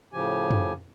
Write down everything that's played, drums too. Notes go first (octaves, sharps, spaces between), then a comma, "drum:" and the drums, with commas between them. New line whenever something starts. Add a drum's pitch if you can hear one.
A2 C#3 F3 G4 G#5
drum: tom